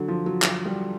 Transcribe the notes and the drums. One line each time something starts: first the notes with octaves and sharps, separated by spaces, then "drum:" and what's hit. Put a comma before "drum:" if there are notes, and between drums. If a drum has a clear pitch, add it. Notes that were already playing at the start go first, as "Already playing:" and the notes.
Already playing: D3 F#3
F3
F#3
F#3, drum: clap
G3